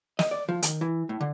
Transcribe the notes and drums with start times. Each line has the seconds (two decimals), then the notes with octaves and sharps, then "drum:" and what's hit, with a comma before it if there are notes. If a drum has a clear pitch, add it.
0.19 D#5, drum: snare
0.31 D5
0.49 F3
0.62 D#3, drum: hi-hat
0.81 E3
1.09 A2
1.21 D3